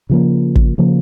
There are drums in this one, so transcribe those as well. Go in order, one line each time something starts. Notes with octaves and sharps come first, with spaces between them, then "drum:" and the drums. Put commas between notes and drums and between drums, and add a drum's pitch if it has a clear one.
C#3 F3 A#3
drum: kick
C#3 F3 A#3